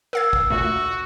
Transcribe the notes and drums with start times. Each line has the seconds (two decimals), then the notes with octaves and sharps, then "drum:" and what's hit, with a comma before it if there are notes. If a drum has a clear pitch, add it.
0.13 A#4 F5 E6 G#6
0.33 drum: kick
0.50 D2 A#2 A3 F#4